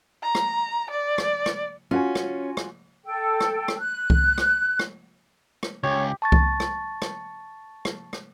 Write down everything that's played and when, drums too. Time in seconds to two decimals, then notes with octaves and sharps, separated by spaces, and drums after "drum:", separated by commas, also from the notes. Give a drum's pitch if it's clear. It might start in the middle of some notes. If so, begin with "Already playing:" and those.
0.23 A#5
0.35 drum: rim click
0.90 D5
1.18 drum: rim click
1.46 drum: rim click
1.91 C#4 F4 F#4 G#5
2.15 drum: rim click
2.57 drum: rim click
3.05 A4 G5
3.40 drum: rim click
3.68 drum: rim click
3.78 F#6
4.10 drum: kick C2
4.38 drum: rim click
4.79 drum: rim click
5.63 drum: rim click
5.84 C#2 G4 C#5
6.22 A5 C#6 A6
6.32 drum: kick C2
6.60 drum: rim click
7.02 drum: rim click
7.85 drum: rim click
8.13 drum: rim click